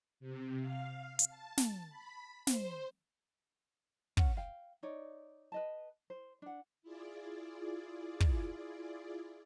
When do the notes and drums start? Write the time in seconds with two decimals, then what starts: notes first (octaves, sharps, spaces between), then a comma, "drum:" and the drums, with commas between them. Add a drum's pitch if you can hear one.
0.20 C3
0.61 F5
1.19 drum: hi-hat
1.29 A5
1.57 drum: snare
1.90 B5
2.47 C5, drum: snare
4.17 C#4 F#5, drum: kick
4.37 F5 G5
4.83 D#4 C#5 D5
5.52 B4 D#5 A5
6.10 C5
6.42 D4 F#5
6.83 E4 F4 G#4 D5
8.20 drum: kick